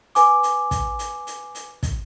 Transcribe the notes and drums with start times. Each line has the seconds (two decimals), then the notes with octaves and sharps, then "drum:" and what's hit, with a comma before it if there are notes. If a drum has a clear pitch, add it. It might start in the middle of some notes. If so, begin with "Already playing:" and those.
0.15 B4 G#5 D6, drum: hi-hat
0.43 drum: hi-hat
0.71 drum: kick, hi-hat
0.99 drum: hi-hat
1.27 drum: hi-hat
1.55 drum: hi-hat
1.83 drum: kick, hi-hat